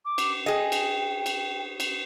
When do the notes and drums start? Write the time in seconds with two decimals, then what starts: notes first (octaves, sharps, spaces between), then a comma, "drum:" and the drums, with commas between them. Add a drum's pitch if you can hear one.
0.05 D6
0.18 drum: cymbal
0.46 G#4 D#5 G5
0.72 drum: cymbal
1.26 drum: cymbal
1.80 drum: cymbal